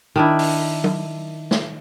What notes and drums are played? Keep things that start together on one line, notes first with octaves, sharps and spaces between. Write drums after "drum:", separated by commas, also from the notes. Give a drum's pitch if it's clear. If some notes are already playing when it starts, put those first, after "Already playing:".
D#3 D4 E4
drum: open hi-hat
drum: tom F#3
drum: snare